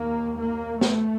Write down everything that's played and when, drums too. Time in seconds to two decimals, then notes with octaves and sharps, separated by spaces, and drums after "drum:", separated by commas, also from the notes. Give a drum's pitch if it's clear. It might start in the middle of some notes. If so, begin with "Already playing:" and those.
Already playing: D#2 A#3
0.37 A#3
0.81 A3, drum: snare